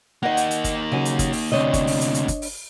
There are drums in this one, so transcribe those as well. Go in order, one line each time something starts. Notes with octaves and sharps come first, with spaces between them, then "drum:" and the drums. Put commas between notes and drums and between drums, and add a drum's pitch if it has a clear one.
A#3 D#4 D#5 F#5
drum: hi-hat
drum: hi-hat
drum: kick G1, hi-hat
C#3 F#3 G#5
drum: hi-hat
drum: kick G1, hi-hat
drum: open hi-hat
D2 C3 D4 C#5 D#5
drum: kick G1, hi-hat
drum: open hi-hat
drum: hi-hat
drum: hi-hat
drum: kick G1, hi-hat
drum: open hi-hat